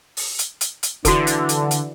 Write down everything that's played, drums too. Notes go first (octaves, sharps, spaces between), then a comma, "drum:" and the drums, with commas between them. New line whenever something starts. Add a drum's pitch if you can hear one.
drum: open hi-hat
drum: hi-hat
drum: hi-hat
drum: hi-hat
D3 E3 F#4 A4, drum: kick F1, hi-hat
drum: hi-hat
drum: hi-hat
drum: hi-hat